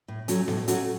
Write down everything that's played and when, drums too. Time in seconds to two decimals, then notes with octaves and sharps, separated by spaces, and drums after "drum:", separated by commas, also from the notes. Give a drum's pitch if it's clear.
0.08 A2
0.28 F#3 A3 C#4 F#4, drum: hi-hat
0.48 A2, drum: snare B3
0.68 F#3 A3 C#4 F#4, drum: hi-hat